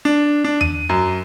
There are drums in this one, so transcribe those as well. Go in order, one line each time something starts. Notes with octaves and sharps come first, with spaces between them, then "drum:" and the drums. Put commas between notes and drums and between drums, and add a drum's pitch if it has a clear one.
D4
D4
D#7, drum: tom E2
F#2